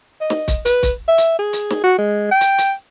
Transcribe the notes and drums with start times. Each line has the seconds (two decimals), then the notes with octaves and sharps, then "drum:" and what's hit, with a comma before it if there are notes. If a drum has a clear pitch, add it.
0.21 D#5
0.30 drum: snare
0.48 drum: kick, hi-hat
0.65 B4, drum: hi-hat
0.83 drum: kick, hi-hat
1.08 E5
1.18 drum: hi-hat
1.39 G#4
1.53 drum: hi-hat
1.70 drum: snare
1.84 F#4
1.98 G#3
2.31 G5
2.41 drum: hi-hat
2.58 drum: hi-hat